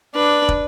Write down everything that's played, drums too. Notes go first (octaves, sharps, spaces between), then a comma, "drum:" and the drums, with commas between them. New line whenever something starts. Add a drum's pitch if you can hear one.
D4 B4
drum: kick